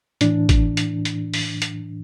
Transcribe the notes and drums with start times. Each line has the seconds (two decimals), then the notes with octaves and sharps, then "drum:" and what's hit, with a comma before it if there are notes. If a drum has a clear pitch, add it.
0.21 A2 E3 D4, drum: hi-hat
0.49 drum: kick, hi-hat
0.77 drum: hi-hat
1.05 drum: hi-hat
1.34 drum: open hi-hat
1.62 drum: hi-hat